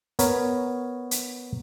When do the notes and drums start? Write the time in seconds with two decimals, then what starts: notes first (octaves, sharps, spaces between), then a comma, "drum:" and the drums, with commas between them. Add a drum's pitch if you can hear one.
0.19 B3 A#4 C#5, drum: hi-hat
1.11 drum: hi-hat